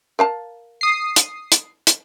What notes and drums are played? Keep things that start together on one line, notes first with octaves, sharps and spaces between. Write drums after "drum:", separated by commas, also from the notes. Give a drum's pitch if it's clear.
A#4 F5 A5
D#6 C7
drum: hi-hat
drum: hi-hat
drum: hi-hat